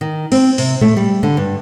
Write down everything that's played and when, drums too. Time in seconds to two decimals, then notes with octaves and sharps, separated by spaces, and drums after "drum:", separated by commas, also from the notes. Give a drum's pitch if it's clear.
0.01 D#3
0.32 C4, drum: cymbal
0.58 C3, drum: open hi-hat
0.81 A3, drum: tom A2
0.97 G3
1.23 D3, drum: tom G3
1.37 G2